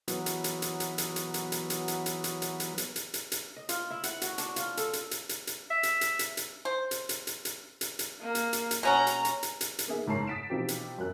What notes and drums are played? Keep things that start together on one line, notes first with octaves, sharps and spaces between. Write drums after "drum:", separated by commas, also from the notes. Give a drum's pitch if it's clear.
E3 F#3 B3, drum: hi-hat
drum: hi-hat
drum: hi-hat
drum: hi-hat
drum: hi-hat
drum: hi-hat
drum: hi-hat
drum: hi-hat
drum: hi-hat
drum: hi-hat
drum: hi-hat
drum: hi-hat
drum: hi-hat
drum: hi-hat
drum: hi-hat
drum: hi-hat
drum: hi-hat
drum: hi-hat
drum: hi-hat
D#5
F4, drum: hi-hat
E4
F#5, drum: hi-hat
F#4, drum: hi-hat
D4, drum: hi-hat
F4, drum: hi-hat
A4, drum: hi-hat
drum: hi-hat
drum: hi-hat
drum: hi-hat
drum: hi-hat
E5
drum: hi-hat
drum: hi-hat
drum: hi-hat
drum: hi-hat
C5
drum: hi-hat
drum: hi-hat
drum: hi-hat
drum: hi-hat
drum: hi-hat
drum: hi-hat
A#3
drum: hi-hat
drum: hi-hat
drum: hi-hat
B2 C#4 F#5 A#5
drum: hi-hat
drum: hi-hat
drum: hi-hat
drum: hi-hat
drum: hi-hat
A#3 B3 D#4 G#4 E5
F#1 G#2 E4 C#5 A5 C7
D#6 A6 B6 D7 E7
B2 E3 F3 C4 D#4 G4
drum: hi-hat
F#2 F#6